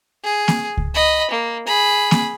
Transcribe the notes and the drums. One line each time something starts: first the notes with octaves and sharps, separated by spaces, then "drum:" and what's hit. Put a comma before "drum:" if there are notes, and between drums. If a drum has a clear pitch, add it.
G#4
drum: snare A#3
drum: kick C#2
D#5 B5
A#3
G#4 B5
drum: snare A#3